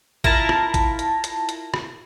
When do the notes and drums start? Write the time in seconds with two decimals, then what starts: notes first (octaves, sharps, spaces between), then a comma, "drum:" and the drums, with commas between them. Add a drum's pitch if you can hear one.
0.24 E4 F4 A#4 A5 A#6, drum: kick
0.49 drum: rim click
0.74 drum: kick, hi-hat
0.99 drum: hi-hat
1.24 drum: hi-hat
1.49 drum: hi-hat
1.74 drum: rim click